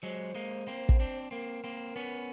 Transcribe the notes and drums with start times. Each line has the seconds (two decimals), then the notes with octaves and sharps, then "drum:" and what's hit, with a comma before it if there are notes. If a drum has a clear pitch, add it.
0.03 F#3 G#3 C5
0.35 G#3 A#3
0.67 A#3 C4
0.89 drum: kick
1.00 C4 D4
1.31 A#3 C4 A#4
1.64 A#3 C4
1.96 B3 C#4